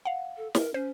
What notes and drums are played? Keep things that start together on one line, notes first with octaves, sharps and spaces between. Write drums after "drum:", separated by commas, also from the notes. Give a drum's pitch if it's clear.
F5 F#5
A4
A#4, drum: snare
C#4 C5